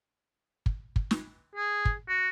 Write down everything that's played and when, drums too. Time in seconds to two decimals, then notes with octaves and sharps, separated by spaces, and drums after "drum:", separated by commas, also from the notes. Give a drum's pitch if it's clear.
0.66 drum: kick
0.96 drum: kick
1.11 drum: snare
1.55 G#4
1.85 drum: kick
2.09 F#4